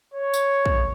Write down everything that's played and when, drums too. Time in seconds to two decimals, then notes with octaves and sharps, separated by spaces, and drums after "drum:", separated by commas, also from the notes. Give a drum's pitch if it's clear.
0.14 C#5
0.34 drum: tambourine
0.66 drum: kick